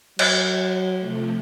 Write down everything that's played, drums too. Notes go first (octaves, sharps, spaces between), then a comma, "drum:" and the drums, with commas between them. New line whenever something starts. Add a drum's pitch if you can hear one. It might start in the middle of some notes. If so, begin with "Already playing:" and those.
F#3, drum: cymbal
C3 F3 A3